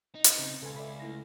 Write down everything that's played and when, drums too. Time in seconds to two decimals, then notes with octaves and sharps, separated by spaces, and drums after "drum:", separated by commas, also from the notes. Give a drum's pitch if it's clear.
0.15 D#4
0.24 drum: hi-hat
0.39 C#3 C4
0.62 C#2 A4 B4 G#5
0.76 D5 E5 B5
1.00 A3 E4 A#6